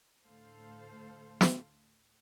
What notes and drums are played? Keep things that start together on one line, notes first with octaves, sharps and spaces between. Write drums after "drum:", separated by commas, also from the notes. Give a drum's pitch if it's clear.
D2 A2 A4 C5 F5
drum: snare